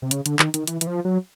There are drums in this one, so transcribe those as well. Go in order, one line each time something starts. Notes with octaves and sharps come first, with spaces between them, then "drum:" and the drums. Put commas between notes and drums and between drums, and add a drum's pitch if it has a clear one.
C3
C#3, drum: hi-hat
D3, drum: hi-hat
D#3, drum: clap
D#3, drum: hi-hat
E3, drum: hi-hat
E3, drum: hi-hat
F3
F#3